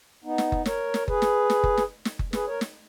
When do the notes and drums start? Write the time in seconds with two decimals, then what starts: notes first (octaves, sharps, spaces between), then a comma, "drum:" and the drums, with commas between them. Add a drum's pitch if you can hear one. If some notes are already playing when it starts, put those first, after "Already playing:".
0.24 B3 D#4
0.38 drum: snare
0.52 drum: kick F#1
0.66 A#4 C#5, drum: snare
0.94 drum: snare
1.08 G#4 B4, drum: kick F#1
1.22 drum: snare
1.50 drum: snare
1.64 drum: kick F#1
1.77 drum: snare
2.05 drum: snare
2.19 drum: kick F#1
2.33 G#4 B4, drum: snare
2.47 A#4 C#5
2.61 drum: snare